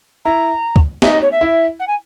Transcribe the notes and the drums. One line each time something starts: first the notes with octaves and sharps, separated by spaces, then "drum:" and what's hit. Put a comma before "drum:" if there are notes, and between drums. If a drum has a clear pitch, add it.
E4 A#5
drum: kick
D#4 E5, drum: snare
D#5
C#5
E5
E4
F#5
G#5